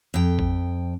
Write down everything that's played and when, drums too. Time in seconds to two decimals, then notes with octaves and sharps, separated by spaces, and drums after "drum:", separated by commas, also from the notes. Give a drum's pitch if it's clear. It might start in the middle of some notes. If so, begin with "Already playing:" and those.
0.14 F2 G5
0.39 drum: kick A1